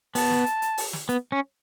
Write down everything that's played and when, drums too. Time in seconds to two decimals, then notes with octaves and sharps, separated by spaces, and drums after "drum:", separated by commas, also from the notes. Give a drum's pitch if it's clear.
0.15 B3 A5, drum: open hi-hat
0.31 drum: snare
0.46 drum: hi-hat
0.62 drum: hi-hat
0.78 drum: open hi-hat
0.93 drum: snare
1.09 B3, drum: hi-hat
1.32 C#4